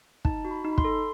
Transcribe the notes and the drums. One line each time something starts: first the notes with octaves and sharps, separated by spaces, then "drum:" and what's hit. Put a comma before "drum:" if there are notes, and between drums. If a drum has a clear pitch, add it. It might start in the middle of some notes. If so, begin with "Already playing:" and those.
D#4 A5, drum: kick
F#4
B5
D#4
B5
C6, drum: kick
A4